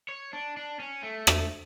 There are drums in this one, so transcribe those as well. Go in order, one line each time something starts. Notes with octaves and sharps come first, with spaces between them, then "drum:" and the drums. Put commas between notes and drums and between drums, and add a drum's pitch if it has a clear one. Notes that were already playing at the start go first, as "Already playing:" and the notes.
C#5
D4
D4
C#4
A3
drum: rim click